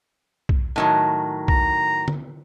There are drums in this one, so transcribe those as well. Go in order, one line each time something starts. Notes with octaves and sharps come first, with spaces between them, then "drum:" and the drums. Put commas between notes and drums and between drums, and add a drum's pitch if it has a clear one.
drum: kick
A2 D#3 F#3
A#5, drum: kick
drum: tom